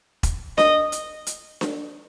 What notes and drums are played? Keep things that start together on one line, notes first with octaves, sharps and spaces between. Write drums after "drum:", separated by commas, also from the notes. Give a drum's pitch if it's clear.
drum: kick E1, hi-hat
D#5, drum: snare D4
drum: hi-hat
drum: hi-hat
drum: snare D4